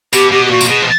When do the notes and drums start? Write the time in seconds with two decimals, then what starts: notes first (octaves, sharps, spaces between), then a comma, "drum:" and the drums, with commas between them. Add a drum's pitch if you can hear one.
0.13 B2 G4, drum: tambourine
0.32 B2 G4
0.45 G4
0.50 A#2 F#4
0.61 C3, drum: tambourine
0.68 B2 G#4
0.82 F3